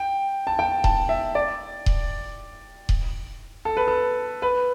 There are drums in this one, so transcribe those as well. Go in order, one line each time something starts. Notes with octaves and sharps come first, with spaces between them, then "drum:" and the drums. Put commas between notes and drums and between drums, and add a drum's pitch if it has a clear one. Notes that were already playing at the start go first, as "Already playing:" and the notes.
Already playing: G5
A5
G5
A5, drum: kick D#1
E5
D5
drum: kick D#1
drum: kick D#1
A4
B4
A4
B4